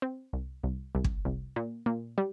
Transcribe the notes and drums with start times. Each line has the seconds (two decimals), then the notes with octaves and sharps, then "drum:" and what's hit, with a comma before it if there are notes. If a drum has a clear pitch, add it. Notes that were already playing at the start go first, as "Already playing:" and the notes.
0.02 C4
0.33 C2
0.64 C2
0.95 C2
1.04 drum: kick
1.25 C2
1.56 A#2
1.86 A#2
2.18 G3